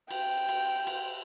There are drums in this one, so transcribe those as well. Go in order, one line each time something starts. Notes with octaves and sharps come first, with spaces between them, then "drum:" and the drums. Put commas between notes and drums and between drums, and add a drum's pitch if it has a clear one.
G5, drum: cymbal
drum: cymbal
drum: cymbal